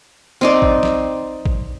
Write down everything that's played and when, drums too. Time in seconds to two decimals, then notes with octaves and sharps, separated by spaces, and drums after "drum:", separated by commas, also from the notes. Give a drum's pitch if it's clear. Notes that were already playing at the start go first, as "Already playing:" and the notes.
0.41 C4 D#4 D5
0.62 drum: kick
0.83 drum: snare
1.46 drum: kick